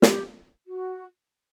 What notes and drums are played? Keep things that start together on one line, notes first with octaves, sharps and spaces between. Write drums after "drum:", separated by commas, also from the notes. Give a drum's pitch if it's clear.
G4, drum: snare
F#4